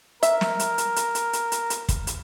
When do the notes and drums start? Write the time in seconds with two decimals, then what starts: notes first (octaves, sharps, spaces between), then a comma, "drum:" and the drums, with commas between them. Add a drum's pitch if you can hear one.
0.23 A#4 E5, drum: hi-hat
0.41 drum: snare
0.59 drum: hi-hat
0.78 drum: hi-hat
0.96 drum: hi-hat
1.15 drum: hi-hat
1.33 drum: hi-hat
1.52 drum: hi-hat
1.70 drum: hi-hat
1.89 drum: kick, hi-hat
2.07 drum: hi-hat